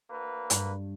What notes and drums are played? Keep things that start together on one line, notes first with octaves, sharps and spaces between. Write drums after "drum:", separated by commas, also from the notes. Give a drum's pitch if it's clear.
D2 A#3 B4
G2, drum: hi-hat